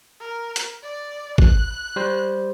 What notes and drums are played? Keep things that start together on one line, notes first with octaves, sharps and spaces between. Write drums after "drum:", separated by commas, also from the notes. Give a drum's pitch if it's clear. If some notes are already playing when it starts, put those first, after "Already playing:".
A#4
drum: hi-hat
D5
F#6, drum: kick G#1
G3 C5